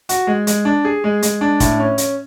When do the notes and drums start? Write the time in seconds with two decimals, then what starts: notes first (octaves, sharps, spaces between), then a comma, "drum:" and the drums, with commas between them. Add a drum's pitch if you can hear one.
0.09 F#4, drum: hi-hat
0.27 G#3
0.47 G#3, drum: hi-hat
0.65 D4
0.85 G#4
1.04 G#3
1.22 G#3, drum: hi-hat
1.41 D4
1.60 A2, drum: kick F1, hi-hat
1.79 C#4
1.98 C#4, drum: hi-hat